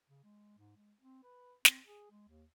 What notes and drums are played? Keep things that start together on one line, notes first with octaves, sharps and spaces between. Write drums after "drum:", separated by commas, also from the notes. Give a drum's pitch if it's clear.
C#3
G#3
G#2
G#3
C4
B4
C4, drum: snare
G#4
G#3
D#2